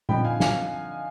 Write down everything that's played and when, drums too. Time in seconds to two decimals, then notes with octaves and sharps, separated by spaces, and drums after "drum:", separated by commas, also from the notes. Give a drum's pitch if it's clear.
0.09 D3 F3 C4 D#4 G5 B5, drum: tom A#2
0.24 F5 G#5
0.40 F5 G#5, drum: snare